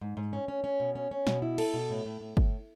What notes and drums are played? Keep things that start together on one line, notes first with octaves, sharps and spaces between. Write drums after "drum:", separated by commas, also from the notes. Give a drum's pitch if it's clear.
G#2
G#2
C#4
C#4
C#4
B2
C#4
C#4
B2, drum: snare
E4
A4, drum: cymbal
B2
A2
A2
A2
A2, drum: kick G1